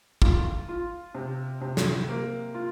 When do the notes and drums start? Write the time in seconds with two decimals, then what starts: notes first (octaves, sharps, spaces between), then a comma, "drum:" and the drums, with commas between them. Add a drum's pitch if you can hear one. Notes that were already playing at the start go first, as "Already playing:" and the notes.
0.22 F4, drum: kick
0.69 F4
1.15 C3
1.61 C3
1.77 drum: snare
2.08 A#3
2.54 F4